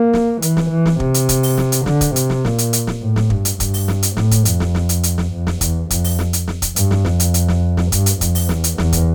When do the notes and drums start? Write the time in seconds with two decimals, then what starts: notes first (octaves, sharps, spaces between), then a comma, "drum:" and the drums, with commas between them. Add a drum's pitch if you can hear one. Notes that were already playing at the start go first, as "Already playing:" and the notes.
Already playing: A#3
0.13 drum: snare
0.42 E3, drum: hi-hat
0.57 drum: snare
0.71 E3
0.85 drum: snare
1.00 C3, drum: kick
1.14 drum: hi-hat
1.29 drum: kick, hi-hat
1.43 drum: open hi-hat
1.58 drum: snare
1.72 drum: hi-hat
1.86 D3, drum: snare
2.01 drum: kick, hi-hat
2.16 C3, drum: hi-hat
2.30 drum: snare
2.45 A#2, drum: snare
2.58 drum: hi-hat
2.73 drum: hi-hat
2.87 drum: snare
3.01 A2
3.16 drum: snare
3.30 G2, drum: kick
3.45 drum: hi-hat
3.60 G2, drum: kick, hi-hat
3.74 drum: open hi-hat
3.88 drum: snare
4.03 drum: hi-hat
4.17 A2, drum: snare
4.31 drum: kick, hi-hat
4.45 F2, drum: hi-hat
4.60 drum: snare
4.75 drum: snare
4.89 drum: hi-hat
5.03 drum: hi-hat
5.18 drum: snare
5.32 F2
5.47 drum: snare
5.61 E2, drum: kick, hi-hat
5.90 F2, drum: kick, hi-hat
6.04 drum: open hi-hat
6.19 drum: snare
6.33 drum: hi-hat
6.48 drum: snare
6.62 drum: kick, hi-hat
6.76 G2, drum: hi-hat
6.91 drum: snare
7.05 F2, drum: snare
7.20 drum: hi-hat
7.34 drum: hi-hat
7.48 drum: snare
7.77 drum: snare
7.92 G2, drum: kick, hi-hat
8.06 drum: hi-hat
8.21 F2, drum: kick, hi-hat
8.35 drum: open hi-hat
8.49 E2, drum: snare
8.64 drum: hi-hat
8.78 E2, drum: snare
8.93 drum: kick, hi-hat